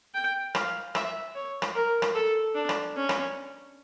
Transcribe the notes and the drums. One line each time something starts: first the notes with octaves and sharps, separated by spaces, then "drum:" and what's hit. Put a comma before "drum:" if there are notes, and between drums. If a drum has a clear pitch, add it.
G5
F5, drum: rim click
E5, drum: rim click
C#5
drum: rim click
A#4
drum: rim click
A4
D4
drum: rim click
C#4
drum: rim click